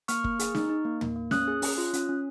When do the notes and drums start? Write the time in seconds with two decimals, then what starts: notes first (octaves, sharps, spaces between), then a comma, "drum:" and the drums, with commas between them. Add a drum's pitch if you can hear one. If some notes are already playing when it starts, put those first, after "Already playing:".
0.08 A#3 C#6 F6, drum: hi-hat
0.24 A#3, drum: kick
0.39 G#4, drum: hi-hat
0.55 D#4, drum: snare
0.69 D#4
0.85 A#3
1.01 A#3, drum: tom
1.16 A#3
1.31 C#4 D#6 F#6, drum: snare
1.48 G#4
1.62 C#4, drum: open hi-hat
1.78 F4
1.93 C#4, drum: hi-hat
2.09 C#4